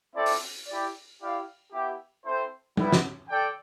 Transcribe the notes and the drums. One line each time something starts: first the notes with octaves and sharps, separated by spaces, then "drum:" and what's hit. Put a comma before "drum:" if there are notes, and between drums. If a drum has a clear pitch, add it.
C4 E4 A4 D5
drum: open hi-hat
E4 G4 D5
E4 G4 D5 F5
B3 E4 G4
C4 E4 A4 C5
G3 B3 E4 B4 E5, drum: tom G3
drum: snare
A4 D5 G5